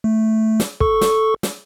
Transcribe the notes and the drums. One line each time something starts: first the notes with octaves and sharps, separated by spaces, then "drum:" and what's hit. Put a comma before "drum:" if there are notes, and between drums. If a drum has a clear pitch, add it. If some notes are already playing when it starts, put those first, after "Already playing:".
A3
drum: snare
A4 C#6, drum: kick
drum: snare
drum: snare